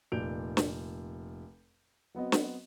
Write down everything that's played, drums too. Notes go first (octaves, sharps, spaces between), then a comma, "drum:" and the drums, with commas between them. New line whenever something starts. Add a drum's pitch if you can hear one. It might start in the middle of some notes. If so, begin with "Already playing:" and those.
F1 A#2 D5 G6 D7 F7
drum: snare
F#3 B3 C4 D#5
drum: snare